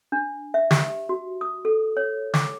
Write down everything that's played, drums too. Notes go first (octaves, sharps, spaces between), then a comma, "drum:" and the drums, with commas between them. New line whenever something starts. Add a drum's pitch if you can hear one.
D4
E5
G4, drum: snare
F#4
D#6
A4
C#5
D6, drum: snare